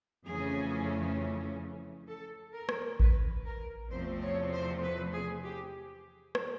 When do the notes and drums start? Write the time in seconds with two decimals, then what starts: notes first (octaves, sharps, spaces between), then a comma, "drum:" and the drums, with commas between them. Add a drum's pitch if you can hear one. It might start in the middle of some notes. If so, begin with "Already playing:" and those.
0.24 F2 C#3 E3 A3 C#4 G#4
2.07 A4
2.53 A#4
2.69 drum: rim click
3.00 B4, drum: kick A1
3.45 A#4
3.90 E2 C3 F3 A3 C4 C5
4.21 C#5
4.52 C5
4.83 B4
5.13 G#4
5.43 G4
6.35 drum: rim click